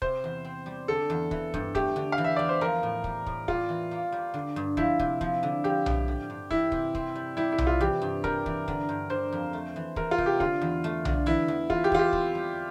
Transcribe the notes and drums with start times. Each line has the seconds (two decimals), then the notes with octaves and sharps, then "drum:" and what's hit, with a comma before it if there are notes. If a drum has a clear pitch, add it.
0.02 C3 C5, drum: kick
0.24 E2
0.45 C4
0.66 G3
0.88 D3 A4
1.10 E2
1.31 E3, drum: kick
1.54 G2, drum: kick
1.75 A3 G4, drum: kick
1.96 D3
2.12 F5
2.18 E3
2.24 E5
2.36 E2 D5
2.49 C5
2.61 F3 A#4
2.83 A2
3.04 G3, drum: kick
3.26 A2, drum: kick
3.48 G3 F4, drum: kick
3.69 E3
3.91 A#3
4.12 G3
4.34 D3
4.56 G2
4.77 F3 E4, drum: kick
4.99 C3, drum: kick
5.21 F3, drum: kick
5.43 D3
5.64 F3 G4
5.86 A2, drum: tom B1
6.08 D3
6.30 G2
6.51 E3 E4, drum: kick
6.72 C3, drum: kick
6.95 C4, drum: kick
7.15 G3
7.37 G3 E4
7.52 E4
7.58 C3, drum: tom B1
7.67 F4
7.81 E3 G4
8.02 G2
8.24 G3 A#4, drum: kick
8.46 E3, drum: kick
8.68 D3, drum: kick
8.89 G2
9.10 D3 C5
9.32 F2
9.53 A3
9.76 E3
9.96 E3 A#4, drum: kick
10.11 F4
10.18 C3, drum: kick
10.26 G4
10.40 D3 F4, drum: kick
10.61 E2
10.84 A3
11.05 D3, drum: tom B1
11.26 E3 E4
11.48 E2
11.70 E3 F4, drum: kick
11.84 G4
11.92 E2 F4, drum: kick
11.99 G4
12.13 C4, drum: kick
12.35 G3